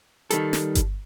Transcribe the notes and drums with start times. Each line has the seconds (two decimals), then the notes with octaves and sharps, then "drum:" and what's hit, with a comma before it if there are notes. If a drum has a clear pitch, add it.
0.31 D#3 G3 A4, drum: hi-hat
0.53 drum: snare
0.75 drum: kick G1, hi-hat